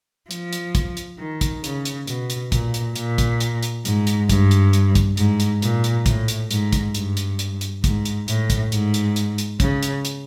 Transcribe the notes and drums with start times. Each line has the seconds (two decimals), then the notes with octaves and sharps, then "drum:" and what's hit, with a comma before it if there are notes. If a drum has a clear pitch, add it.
0.31 F3, drum: hi-hat
0.53 drum: hi-hat
0.75 drum: kick, hi-hat
0.97 drum: hi-hat
1.19 D#3
1.41 drum: kick, hi-hat
1.64 C#3, drum: hi-hat
1.85 drum: hi-hat
2.07 B2, drum: hi-hat
2.30 drum: hi-hat
2.52 A#2, drum: kick, hi-hat
2.74 drum: hi-hat
2.96 A#2, drum: hi-hat
3.18 drum: kick, hi-hat
3.40 drum: hi-hat
3.63 drum: hi-hat
3.85 G#2, drum: hi-hat
4.07 drum: hi-hat
4.29 G2, drum: kick, hi-hat
4.51 drum: hi-hat
4.73 drum: hi-hat
4.95 drum: kick, hi-hat
5.17 G#2, drum: hi-hat
5.40 drum: hi-hat
5.62 A#2, drum: hi-hat
5.84 drum: hi-hat
6.06 A2, drum: kick, hi-hat
6.28 drum: hi-hat
6.51 G#2, drum: hi-hat
6.73 drum: kick, hi-hat
6.94 G2, drum: hi-hat
7.17 drum: hi-hat
7.39 drum: hi-hat
7.61 drum: hi-hat
7.84 G#2, drum: kick, hi-hat
8.05 drum: hi-hat
8.28 A2, drum: hi-hat
8.50 drum: kick, hi-hat
8.72 G#2, drum: hi-hat
8.94 drum: hi-hat
9.16 drum: hi-hat
9.38 drum: hi-hat
9.60 C#3, drum: kick, hi-hat
9.83 drum: hi-hat
10.05 drum: hi-hat